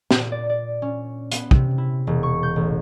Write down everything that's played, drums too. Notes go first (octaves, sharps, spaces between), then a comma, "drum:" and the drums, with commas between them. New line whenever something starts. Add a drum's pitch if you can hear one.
A#2, drum: snare
D5
D5
C#4
B3, drum: hi-hat
C3, drum: kick
E4
E1
C#6
G6
A1